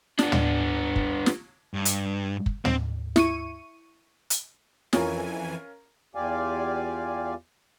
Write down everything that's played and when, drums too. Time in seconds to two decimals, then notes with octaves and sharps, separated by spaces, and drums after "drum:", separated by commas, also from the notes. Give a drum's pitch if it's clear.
0.19 B3 D4, drum: snare
0.32 drum: tom
0.96 drum: kick
1.26 drum: snare
1.74 G2
1.85 drum: hi-hat
2.46 drum: kick
2.65 C4, drum: tom
3.16 E4 C#6 D#7, drum: snare
4.30 drum: hi-hat
4.93 F2 E3 C#4 F4 A#4 G#5, drum: snare
6.15 E2 F4 G4 D5 F5 G#5